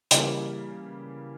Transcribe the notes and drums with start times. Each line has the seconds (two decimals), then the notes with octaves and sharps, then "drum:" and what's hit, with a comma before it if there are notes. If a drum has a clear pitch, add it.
0.11 C#3 E3 G3 A#3, drum: hi-hat